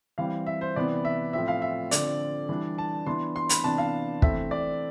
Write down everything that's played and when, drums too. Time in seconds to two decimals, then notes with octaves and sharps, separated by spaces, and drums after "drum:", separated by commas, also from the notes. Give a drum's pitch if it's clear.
0.18 E3 G3 C4 F5
0.47 E5
0.61 C5
0.76 C3 E3 B3 D5
1.05 E5
1.33 A2 F3 C4 E5
1.48 F5
1.62 E5
1.91 D3 F3 C4 D5, drum: hi-hat
2.49 E3 G3 D4
2.78 A5
3.06 E3 B3 D4 C6
3.36 C6
3.49 B5, drum: hi-hat
3.64 C3 E3 B3 D4 A5
3.78 F5
4.22 E3 A3 C4 E5, drum: kick
4.51 D5